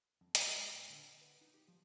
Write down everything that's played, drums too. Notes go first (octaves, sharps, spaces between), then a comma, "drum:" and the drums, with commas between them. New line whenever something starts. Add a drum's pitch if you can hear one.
F2
G#3, drum: hi-hat
G#3
A#2
D3
F#5
B4
D#4
G4
F3